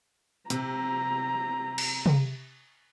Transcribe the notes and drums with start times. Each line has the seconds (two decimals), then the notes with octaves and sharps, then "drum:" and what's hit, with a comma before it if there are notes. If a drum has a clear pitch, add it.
0.50 C3 A#5, drum: hi-hat
1.78 drum: cymbal
2.06 drum: tom C3